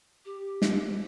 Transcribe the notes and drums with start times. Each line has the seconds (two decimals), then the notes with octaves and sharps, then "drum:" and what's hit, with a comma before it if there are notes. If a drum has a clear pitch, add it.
0.25 G4
0.62 drum: snare